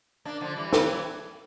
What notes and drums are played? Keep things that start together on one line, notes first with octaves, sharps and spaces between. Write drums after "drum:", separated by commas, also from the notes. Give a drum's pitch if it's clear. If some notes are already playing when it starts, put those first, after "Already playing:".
A#3 D4
D3 F3
E3 G3
drum: snare